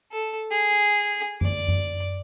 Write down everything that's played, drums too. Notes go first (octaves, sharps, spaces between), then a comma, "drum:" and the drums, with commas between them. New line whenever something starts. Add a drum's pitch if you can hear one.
A4
G#4
D5, drum: tom F#2
drum: tom F#2